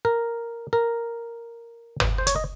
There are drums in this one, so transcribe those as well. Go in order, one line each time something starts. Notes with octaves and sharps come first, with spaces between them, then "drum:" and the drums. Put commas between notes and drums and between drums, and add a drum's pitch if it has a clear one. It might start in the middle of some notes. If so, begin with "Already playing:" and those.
A#4
A#4
drum: tom
C5
C#5, drum: hi-hat
D#5